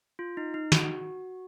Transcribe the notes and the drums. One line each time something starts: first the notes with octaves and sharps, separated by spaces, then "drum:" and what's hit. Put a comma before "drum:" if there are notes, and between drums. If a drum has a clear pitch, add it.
F4
D#4
D#4
F#4, drum: snare